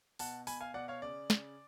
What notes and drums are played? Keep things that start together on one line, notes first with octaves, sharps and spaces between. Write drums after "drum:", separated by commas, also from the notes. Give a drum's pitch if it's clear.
B2 F#5 A5, drum: open hi-hat
B2 G#5 B5, drum: open hi-hat
F5 G#5
B2 D5 F#5
C#5 F5
C#3 D5
C#3, drum: snare